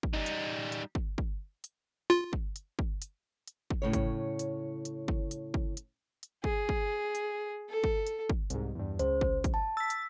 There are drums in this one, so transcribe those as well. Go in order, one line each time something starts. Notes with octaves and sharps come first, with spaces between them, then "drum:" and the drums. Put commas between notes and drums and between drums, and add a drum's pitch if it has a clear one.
drum: kick
G3 D#4
drum: hi-hat
drum: hi-hat
drum: kick
drum: kick
drum: hi-hat
F4
drum: kick
drum: hi-hat
drum: kick
drum: hi-hat
drum: hi-hat
drum: kick
A2 C#3 C#5
drum: kick, hi-hat
drum: hi-hat
drum: hi-hat
drum: kick
drum: hi-hat
drum: kick
drum: hi-hat
drum: hi-hat
G#4, drum: kick
drum: kick
drum: hi-hat
A4
drum: kick
drum: hi-hat
drum: kick
C2 G#2, drum: hi-hat
E2 G2
C#2 C5, drum: hi-hat
drum: kick
drum: kick, hi-hat
A5
E6 A6 B6
drum: hi-hat